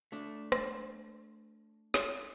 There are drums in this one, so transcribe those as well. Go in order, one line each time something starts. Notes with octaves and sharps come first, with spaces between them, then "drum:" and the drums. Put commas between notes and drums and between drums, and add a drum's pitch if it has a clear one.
A3 D4
drum: rim click
drum: snare